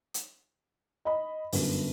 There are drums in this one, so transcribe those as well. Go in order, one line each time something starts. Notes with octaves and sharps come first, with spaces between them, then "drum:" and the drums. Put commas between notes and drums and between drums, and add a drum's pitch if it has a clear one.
drum: hi-hat
D#5 B5
G1 F#2, drum: open hi-hat